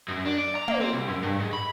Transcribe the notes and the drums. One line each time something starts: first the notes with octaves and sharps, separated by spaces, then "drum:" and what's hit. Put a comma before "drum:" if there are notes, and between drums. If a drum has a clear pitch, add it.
F#2
D4
D5
A#5
A#3, drum: tom
C4
C2
F#2
G2
G#2
B5